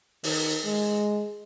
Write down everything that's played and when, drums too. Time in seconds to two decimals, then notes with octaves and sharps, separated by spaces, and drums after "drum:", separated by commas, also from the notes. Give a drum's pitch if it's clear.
0.24 D#3, drum: open hi-hat
0.64 G#3